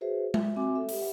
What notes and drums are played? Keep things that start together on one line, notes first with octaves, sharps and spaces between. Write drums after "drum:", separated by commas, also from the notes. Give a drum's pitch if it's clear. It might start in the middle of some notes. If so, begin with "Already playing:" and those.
F#4 G#4 B4 C5 E5
E5, drum: tom G#3
C4 F#4 E5 G#5 D6
A4 E5
G4 E5, drum: open hi-hat